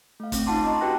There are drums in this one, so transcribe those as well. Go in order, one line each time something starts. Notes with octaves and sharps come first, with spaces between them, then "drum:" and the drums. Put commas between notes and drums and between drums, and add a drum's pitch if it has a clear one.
A3 F5
A3 C4 C#4, drum: kick, hi-hat
D#4 F4 F#5 A5 C6 D6
D#5 A5 A#5 C#6
F#4 G4 B4 G5 F#6 A#6